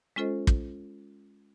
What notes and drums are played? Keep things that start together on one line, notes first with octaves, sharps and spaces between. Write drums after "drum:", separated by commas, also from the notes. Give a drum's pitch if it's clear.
G#3 C#4 F4 A4 C5 D#5
drum: kick